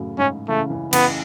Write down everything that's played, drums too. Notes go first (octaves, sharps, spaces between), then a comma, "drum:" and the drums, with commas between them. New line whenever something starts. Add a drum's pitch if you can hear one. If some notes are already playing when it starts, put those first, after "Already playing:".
Already playing: F#2 A2 C#3 E3
G#2 C#4
C#3 E3 A3
C#3 E3
C#3 E3 B3, drum: cymbal